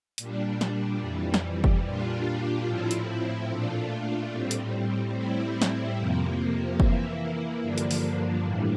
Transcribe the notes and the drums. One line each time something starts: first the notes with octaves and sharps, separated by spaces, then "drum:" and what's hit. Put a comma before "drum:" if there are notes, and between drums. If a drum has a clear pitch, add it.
A#2 G3 D4, drum: hi-hat
drum: snare
F2 E3 G3
drum: snare
drum: kick
A#2 G3 D4 F4
A2 F3 C4 E4
drum: hi-hat
A#2 A3 D4 F4
A2 G3 C4
drum: hi-hat
A2 G3 C4 E4
drum: snare
F2 C3 F3 A#3
E3 A#3 E4, drum: kick
G2 D3 F3 A#3 D4
drum: hi-hat
drum: open hi-hat
A2 E3 G3 D4